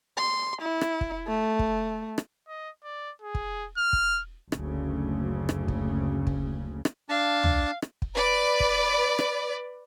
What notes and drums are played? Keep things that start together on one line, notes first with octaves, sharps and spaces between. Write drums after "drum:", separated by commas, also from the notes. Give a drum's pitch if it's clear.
C6
E4
drum: rim click
drum: kick
A3
drum: kick
drum: rim click
D#5
D5
G#4
drum: kick
F6
drum: kick
F#1 D2 C#3, drum: rim click
drum: rim click
drum: kick
drum: kick
drum: rim click
D4 F5 A5
drum: tom
drum: rim click
drum: kick
B4 D5
drum: kick
drum: rim click